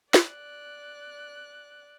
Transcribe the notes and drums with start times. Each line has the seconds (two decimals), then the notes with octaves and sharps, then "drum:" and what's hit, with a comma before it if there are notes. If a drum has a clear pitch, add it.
0.14 D5 F#6, drum: snare